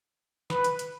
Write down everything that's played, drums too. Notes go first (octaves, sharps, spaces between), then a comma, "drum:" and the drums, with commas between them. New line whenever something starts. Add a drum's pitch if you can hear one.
B4, drum: snare
drum: hi-hat
drum: hi-hat